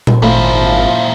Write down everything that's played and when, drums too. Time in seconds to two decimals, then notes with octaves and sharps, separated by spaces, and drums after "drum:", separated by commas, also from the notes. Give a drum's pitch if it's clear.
0.07 drum: tom A#2
0.22 G#1 A#2 F3 A3 E4